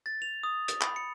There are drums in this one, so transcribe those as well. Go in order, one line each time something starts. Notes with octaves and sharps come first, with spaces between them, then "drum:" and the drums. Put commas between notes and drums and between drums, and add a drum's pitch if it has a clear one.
A6
F7
D#6
drum: hi-hat
B5, drum: clap
C#7